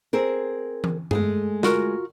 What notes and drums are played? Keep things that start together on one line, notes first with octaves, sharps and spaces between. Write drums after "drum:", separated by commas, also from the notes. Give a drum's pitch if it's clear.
C4 G#4 A#4
drum: tom E3
G#3 A3 G#4, drum: tom G2
F4 F#4 A#4, drum: snare